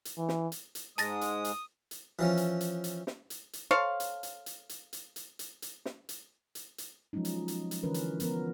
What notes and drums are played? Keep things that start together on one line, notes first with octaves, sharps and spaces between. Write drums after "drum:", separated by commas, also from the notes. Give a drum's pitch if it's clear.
drum: hi-hat
E3
drum: snare
drum: hi-hat
drum: hi-hat
G#2 G#3 A5 D#6 A6 A#6, drum: hi-hat
drum: hi-hat
drum: hi-hat
drum: hi-hat
E3 F3 C#4
drum: hi-hat
drum: hi-hat
drum: hi-hat
drum: snare
drum: hi-hat
drum: hi-hat
A4 C5 C#5 F5
drum: hi-hat
drum: hi-hat
drum: hi-hat
drum: hi-hat
drum: hi-hat
drum: hi-hat
drum: hi-hat
drum: hi-hat
drum: snare
drum: hi-hat
drum: hi-hat
drum: hi-hat
F3 F#3 G#3 C#4 D#4
drum: hi-hat
drum: hi-hat
drum: hi-hat
D3 E3 C#4 A#4 B4
drum: hi-hat
F3 B3 A#4, drum: hi-hat